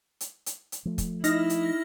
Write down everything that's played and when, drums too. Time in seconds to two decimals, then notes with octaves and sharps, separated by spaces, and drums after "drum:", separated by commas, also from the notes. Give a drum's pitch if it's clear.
0.21 drum: hi-hat
0.46 drum: hi-hat
0.72 drum: hi-hat
0.85 F3 A3
0.98 drum: kick, hi-hat
1.24 D#4 E4 F6 A#6, drum: hi-hat
1.50 drum: hi-hat